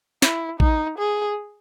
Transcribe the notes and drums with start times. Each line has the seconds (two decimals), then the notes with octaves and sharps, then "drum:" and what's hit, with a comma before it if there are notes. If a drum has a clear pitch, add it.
0.22 E4, drum: snare
0.60 D#4, drum: kick A1
0.99 G#4